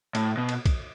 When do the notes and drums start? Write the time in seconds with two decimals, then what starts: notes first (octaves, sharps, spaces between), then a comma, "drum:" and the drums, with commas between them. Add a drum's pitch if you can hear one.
0.15 A2, drum: cymbal
0.37 B2
0.49 drum: cymbal
0.66 drum: kick, cymbal